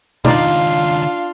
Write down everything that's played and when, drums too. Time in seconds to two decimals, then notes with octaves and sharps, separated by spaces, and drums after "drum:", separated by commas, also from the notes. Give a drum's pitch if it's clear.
0.25 C#2 D#3 D4 D#4 F4 D5 F5, drum: tom B2